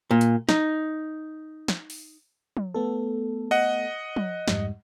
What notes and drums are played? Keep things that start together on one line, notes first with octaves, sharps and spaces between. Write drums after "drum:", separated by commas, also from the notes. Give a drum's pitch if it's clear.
A#2
drum: hi-hat
D#4, drum: snare
drum: snare
drum: open hi-hat
drum: tom
A3 B3 A4
D#5 F#5
drum: tom
F2 G#2 G3, drum: snare